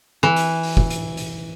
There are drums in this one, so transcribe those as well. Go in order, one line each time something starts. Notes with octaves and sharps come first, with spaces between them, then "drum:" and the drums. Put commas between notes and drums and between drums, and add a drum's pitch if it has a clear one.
E3
drum: hi-hat
drum: open hi-hat
drum: kick
drum: hi-hat
drum: hi-hat